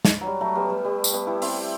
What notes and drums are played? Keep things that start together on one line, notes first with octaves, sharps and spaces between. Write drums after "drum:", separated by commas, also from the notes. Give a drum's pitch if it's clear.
drum: snare
F#3
G3
F#3 A3
G3 B3
G3
G3
drum: tambourine
G3 B3
E4 G4
C4 E4, drum: open hi-hat